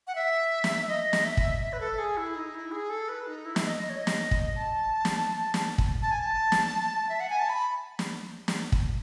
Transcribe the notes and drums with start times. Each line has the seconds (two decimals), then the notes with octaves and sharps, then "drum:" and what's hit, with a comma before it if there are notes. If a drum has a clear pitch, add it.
0.07 F#5
0.15 E5
0.64 drum: snare
0.88 D#5
1.13 drum: snare
1.25 E5
1.37 drum: kick
1.62 E5
1.73 B4
1.80 A4
1.99 G#4
2.17 E4
2.36 D#4
2.54 E4
2.72 G#4
2.90 A4
3.09 B4
3.27 D#4
3.45 E4
3.56 E5, drum: snare
3.65 D#5
3.82 D#5
3.90 C#5
3.97 D#5
4.07 drum: snare
4.31 drum: kick
4.55 A5
5.05 drum: snare
5.54 drum: snare
5.78 drum: kick
6.02 A5
6.11 G#5
6.19 A5
6.52 drum: snare
7.09 E5
7.20 F#5
7.30 G#5
7.39 A5
7.49 B5
7.99 drum: snare
8.48 drum: snare
8.72 drum: kick